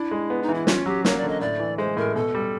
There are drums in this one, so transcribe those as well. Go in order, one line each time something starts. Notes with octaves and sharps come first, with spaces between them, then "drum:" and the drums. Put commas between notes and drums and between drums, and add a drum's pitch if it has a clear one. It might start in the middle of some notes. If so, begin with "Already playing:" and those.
Already playing: D4 E4
G#3
B3
D#4
E3
E4
C#4 F4, drum: snare
F#3 G4
A#3 C#5, drum: snare
D5
D3
D#5
A2 D5
E3
G#3 C5
A2 A#4
B2 A4
G3